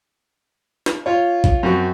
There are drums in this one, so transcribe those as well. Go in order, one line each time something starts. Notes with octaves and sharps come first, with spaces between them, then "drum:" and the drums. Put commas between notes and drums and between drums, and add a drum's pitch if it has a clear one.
drum: snare
F4 C#5
drum: kick A1
F#2 C4 F#4